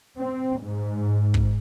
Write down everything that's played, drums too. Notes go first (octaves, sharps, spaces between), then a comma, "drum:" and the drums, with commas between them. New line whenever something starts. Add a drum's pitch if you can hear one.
C4
G#2
drum: kick